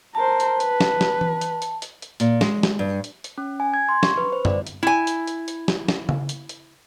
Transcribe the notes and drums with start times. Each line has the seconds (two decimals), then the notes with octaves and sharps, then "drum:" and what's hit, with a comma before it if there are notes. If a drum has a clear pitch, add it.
0.15 A#4 C5 A5
0.40 drum: hi-hat
0.60 B4, drum: hi-hat
0.80 drum: snare
1.01 drum: snare
1.21 drum: tom E3
1.41 drum: hi-hat
1.62 drum: hi-hat
1.82 drum: hi-hat
2.02 drum: hi-hat
2.20 A#2, drum: hi-hat
2.41 G#3, drum: snare
2.63 drum: snare
2.79 G2
3.04 drum: hi-hat
3.24 drum: hi-hat
3.38 C#4
3.60 G#5
3.74 G#6
3.89 C6
4.03 C#6, drum: snare
4.17 B4
4.33 C5
4.45 D5, drum: tom F#2
4.67 drum: hi-hat
4.83 E4 G#5
5.07 drum: hi-hat
5.27 drum: hi-hat
5.48 drum: hi-hat
5.68 drum: snare
5.88 drum: snare
6.09 drum: tom C#3
6.29 drum: hi-hat
6.49 drum: hi-hat